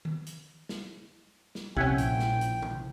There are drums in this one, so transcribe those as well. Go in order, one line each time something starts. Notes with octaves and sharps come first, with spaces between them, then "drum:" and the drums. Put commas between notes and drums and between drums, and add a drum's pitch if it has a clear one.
drum: tom D#3
drum: hi-hat
drum: snare
drum: snare
A#1 C3 C#4 E4 F#5 G5, drum: kick B1
drum: hi-hat
drum: snare
drum: hi-hat
drum: tom